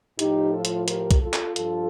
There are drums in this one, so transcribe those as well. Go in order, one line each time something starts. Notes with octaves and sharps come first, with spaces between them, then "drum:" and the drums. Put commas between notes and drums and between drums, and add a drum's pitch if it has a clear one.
A2 F3 D#4 G4, drum: hi-hat
F4 A4
drum: hi-hat
G4 A#4, drum: hi-hat
drum: kick, hi-hat
F4 A4
drum: clap
G2 F3 F4 A4, drum: hi-hat